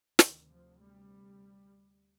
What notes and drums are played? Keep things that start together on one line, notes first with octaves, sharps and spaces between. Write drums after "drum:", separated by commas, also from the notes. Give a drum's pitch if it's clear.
D2 C3 D#3, drum: snare
F3
G3